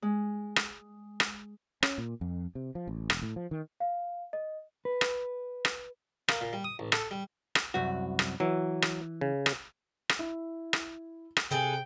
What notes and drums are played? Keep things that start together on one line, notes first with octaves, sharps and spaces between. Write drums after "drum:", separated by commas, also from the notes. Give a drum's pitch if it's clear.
G#3
drum: rim click
drum: rim click
C#4, drum: rim click
A#2
F2
C3
F3
A1
E1, drum: rim click
A2
F3
D#3
F5
D#5
B4
drum: rim click
drum: rim click
A#3, drum: rim click
A#2
G3
D#6
A1
A4, drum: rim click
G3
drum: rim click
C2 F#2 F#4
drum: rim click
E3 F#3
drum: rim click
C#3
drum: rim click
drum: rim click
E4
drum: rim click
drum: rim click
C3 G#4 A4 B4 G5